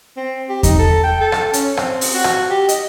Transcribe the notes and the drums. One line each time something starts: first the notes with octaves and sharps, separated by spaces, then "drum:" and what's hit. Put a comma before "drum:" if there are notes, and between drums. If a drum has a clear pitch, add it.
C4
G4
D#4, drum: kick E2, hi-hat
A4
G5
A4
drum: rim click
C#4, drum: hi-hat
C4, drum: rim click
drum: open hi-hat
F#4
drum: rim click
G4
D#5, drum: hi-hat